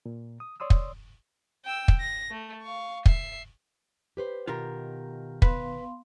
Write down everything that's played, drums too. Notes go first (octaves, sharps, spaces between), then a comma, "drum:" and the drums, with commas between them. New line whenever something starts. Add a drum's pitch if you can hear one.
A#2
D#6
C#5 D5 C6 D#6 E6
drum: kick
G5 E6
drum: kick
A#6
A3
F5 C#6
E5 C7, drum: kick
G4 B4 C5
B2 D#3 F4 G4 A#4
B3 B4 F5 C6, drum: kick